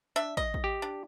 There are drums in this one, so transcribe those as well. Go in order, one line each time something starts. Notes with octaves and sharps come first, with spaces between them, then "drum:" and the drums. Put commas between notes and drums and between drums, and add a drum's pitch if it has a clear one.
D4 E5
D#5, drum: kick
drum: kick
G4
D4